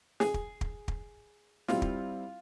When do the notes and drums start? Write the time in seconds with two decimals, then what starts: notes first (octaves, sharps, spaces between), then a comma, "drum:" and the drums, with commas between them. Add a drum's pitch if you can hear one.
0.20 G#4, drum: snare
0.34 drum: kick
0.61 drum: kick
0.88 drum: kick
1.68 G3 C4 E4 F4, drum: snare
1.82 drum: kick